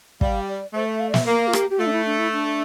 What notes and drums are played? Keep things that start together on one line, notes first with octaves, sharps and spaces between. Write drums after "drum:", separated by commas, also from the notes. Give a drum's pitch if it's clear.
G3 F5, drum: kick
D5
A3 C5
E5
F5
D5
E5, drum: snare
A#3 A#4
F4
G4, drum: rim click
G4
A3 F4
D4
E4
D4
E4
D4